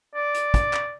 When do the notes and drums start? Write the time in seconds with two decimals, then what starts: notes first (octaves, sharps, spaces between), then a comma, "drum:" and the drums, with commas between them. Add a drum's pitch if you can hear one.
0.15 D5
0.34 drum: hi-hat
0.54 drum: kick, hi-hat
0.73 drum: clap